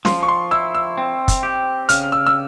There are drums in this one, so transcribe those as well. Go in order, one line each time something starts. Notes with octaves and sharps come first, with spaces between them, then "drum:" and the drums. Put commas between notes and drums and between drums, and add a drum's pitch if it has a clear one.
F3 C6, drum: snare
C#6
C6
E4 E6
E6
C4
drum: kick, hi-hat
G4
C#3 F6, drum: hi-hat
E6
E6